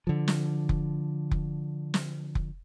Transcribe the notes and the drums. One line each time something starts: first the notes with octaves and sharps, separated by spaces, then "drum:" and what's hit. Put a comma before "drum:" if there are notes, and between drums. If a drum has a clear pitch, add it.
D3 F3
drum: snare
drum: kick F1
drum: kick F1
drum: snare
drum: kick F1